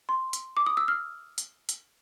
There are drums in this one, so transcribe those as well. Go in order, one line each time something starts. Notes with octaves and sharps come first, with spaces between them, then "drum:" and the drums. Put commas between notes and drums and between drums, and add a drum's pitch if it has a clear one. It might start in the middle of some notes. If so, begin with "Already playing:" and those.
C6
drum: hi-hat
D6
D#6
E6
F6
drum: hi-hat
drum: hi-hat